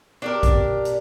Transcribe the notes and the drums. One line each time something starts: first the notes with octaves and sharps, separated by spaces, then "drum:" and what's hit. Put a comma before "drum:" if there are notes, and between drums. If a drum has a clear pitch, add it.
D4 G4 A#4
drum: kick A#1, hi-hat
drum: hi-hat